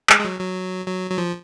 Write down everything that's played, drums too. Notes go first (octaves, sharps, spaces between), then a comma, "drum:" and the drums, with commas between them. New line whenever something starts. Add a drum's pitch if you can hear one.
G#3, drum: clap
G#3
F#3
F#3
F#3
F#3
F3